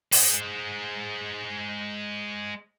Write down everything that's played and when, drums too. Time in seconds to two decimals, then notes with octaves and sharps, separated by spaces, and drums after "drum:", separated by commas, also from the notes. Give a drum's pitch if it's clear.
0.12 G#3 C5, drum: open hi-hat